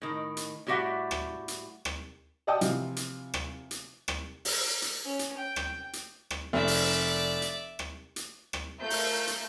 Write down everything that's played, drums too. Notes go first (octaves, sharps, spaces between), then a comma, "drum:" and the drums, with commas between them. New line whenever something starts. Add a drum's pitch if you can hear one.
A2 D#3
drum: hi-hat
A2 G3 F#4 G4 E5 F#5
drum: rim click
drum: hi-hat
drum: rim click
D5 D#5 F#5 G5 A5 D#6
C3 E3 F3, drum: hi-hat
drum: hi-hat
drum: rim click
drum: hi-hat
drum: rim click
drum: open hi-hat
drum: hi-hat
C#4
drum: hi-hat
G5
drum: rim click
drum: hi-hat
drum: rim click
F1 D5 E5
drum: open hi-hat
drum: hi-hat
drum: rim click
drum: hi-hat
drum: rim click
A3 F4 A#4 G6
drum: open hi-hat
drum: hi-hat